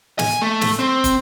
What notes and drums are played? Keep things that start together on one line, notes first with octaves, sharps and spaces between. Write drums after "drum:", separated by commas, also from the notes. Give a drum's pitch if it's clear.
G#5, drum: snare
A3
drum: snare
C4
drum: kick, hi-hat